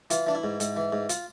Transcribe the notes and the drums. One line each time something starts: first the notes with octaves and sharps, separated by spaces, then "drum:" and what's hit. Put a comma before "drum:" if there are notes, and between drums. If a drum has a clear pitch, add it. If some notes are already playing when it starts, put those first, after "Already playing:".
E3 F4, drum: hi-hat
E3 D4
E4
G#2
G#2, drum: hi-hat
E3
G#2
F4, drum: hi-hat